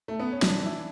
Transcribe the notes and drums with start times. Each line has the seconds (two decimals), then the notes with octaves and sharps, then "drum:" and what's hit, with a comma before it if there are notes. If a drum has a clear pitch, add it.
0.08 A3
0.20 B3
0.32 C#4
0.42 E3 D4, drum: snare
0.63 E4